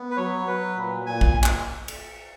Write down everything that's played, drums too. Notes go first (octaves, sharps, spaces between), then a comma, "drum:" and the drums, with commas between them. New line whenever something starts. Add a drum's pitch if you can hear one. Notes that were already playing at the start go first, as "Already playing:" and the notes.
Already playing: B3
B4
F#3 C#5
F#3 B4
A#2
A#2 G#5
drum: kick
drum: clap
drum: cymbal